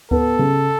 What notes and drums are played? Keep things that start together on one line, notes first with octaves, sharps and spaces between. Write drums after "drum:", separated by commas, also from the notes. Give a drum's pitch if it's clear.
B3 A4, drum: kick D2
C#3